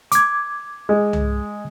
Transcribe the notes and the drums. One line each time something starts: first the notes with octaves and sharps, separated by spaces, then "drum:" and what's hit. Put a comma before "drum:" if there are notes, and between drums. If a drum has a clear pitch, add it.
D6 G#6, drum: hi-hat
G#3
drum: tom C2